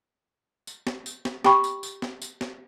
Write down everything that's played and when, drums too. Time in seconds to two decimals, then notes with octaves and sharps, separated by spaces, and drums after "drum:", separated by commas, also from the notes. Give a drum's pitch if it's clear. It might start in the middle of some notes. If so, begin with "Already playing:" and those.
0.67 drum: tambourine
0.87 drum: snare
1.06 drum: tambourine
1.25 drum: snare
1.44 G4 G5 B5 C#6, drum: snare
1.64 drum: tambourine
1.83 drum: tambourine
2.02 drum: snare
2.22 drum: tambourine
2.41 drum: snare